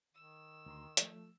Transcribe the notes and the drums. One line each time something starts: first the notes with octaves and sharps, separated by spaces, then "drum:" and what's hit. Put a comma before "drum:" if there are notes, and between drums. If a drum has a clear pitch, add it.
D#3 E6
D2 A#5 C6
F3 A3, drum: hi-hat